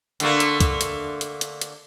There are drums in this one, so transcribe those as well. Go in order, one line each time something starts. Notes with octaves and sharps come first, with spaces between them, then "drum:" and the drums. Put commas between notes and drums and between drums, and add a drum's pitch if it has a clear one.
D3 A3 A#3, drum: hi-hat
drum: hi-hat
drum: kick, hi-hat
drum: hi-hat
drum: hi-hat
drum: hi-hat
drum: hi-hat